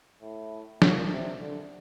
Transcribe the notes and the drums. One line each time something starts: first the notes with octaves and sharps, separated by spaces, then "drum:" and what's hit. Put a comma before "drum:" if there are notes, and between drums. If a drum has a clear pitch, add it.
A2
A#2, drum: snare
C3
D3